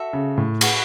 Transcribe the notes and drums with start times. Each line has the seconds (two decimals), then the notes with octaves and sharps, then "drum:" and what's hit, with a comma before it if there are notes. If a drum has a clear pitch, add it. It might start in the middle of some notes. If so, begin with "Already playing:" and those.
Already playing: F#4 A4 E5
0.13 C#3
0.37 A2
0.61 G#4 B4 F#5 C#6, drum: cymbal